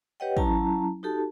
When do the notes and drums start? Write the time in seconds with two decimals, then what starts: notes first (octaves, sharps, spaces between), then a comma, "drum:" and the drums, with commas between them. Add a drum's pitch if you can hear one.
0.20 G4 B4 C#5 D#5 F#5 G5
0.37 F#3 C#4 E4 A5 A#5, drum: kick
1.03 D#4 F#4 G4 A4 A5